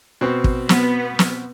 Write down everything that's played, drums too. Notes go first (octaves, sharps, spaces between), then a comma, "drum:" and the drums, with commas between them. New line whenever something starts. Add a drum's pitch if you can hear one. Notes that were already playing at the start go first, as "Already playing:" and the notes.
B2 C4
drum: kick
B3, drum: snare
drum: snare